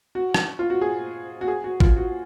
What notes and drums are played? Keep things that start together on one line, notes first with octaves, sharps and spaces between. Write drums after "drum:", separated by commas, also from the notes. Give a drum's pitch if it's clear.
F#4
drum: rim click
F4
F#4
G#4
F#4
G#4
F#4
F4, drum: kick A1
F#4